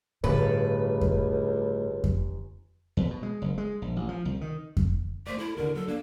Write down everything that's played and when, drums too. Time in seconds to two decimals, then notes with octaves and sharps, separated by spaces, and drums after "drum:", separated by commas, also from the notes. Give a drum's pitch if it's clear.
0.24 G1 C#2 A2 B4 A6
1.01 drum: kick F2
2.04 drum: kick F2
2.97 E2
3.11 B2
3.23 G#3
3.42 F#1
3.58 G#3
3.82 A#1
3.96 A1
4.09 F3
4.25 C2
4.41 D#3
4.77 drum: kick F2
5.27 A3 C5 D5
5.39 E4 A4
5.57 D#2 D3 A#4
5.75 F#3 A4
5.88 A#3 D4